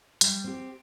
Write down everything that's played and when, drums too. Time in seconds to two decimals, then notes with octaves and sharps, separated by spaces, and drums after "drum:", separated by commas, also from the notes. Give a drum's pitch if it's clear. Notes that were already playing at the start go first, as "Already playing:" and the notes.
0.21 G3, drum: hi-hat
0.44 C4 G4